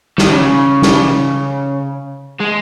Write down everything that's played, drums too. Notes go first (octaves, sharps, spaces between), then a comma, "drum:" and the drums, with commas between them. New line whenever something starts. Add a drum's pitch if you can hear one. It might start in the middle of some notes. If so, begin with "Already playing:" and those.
D#3, drum: snare
C#3
drum: snare
G#3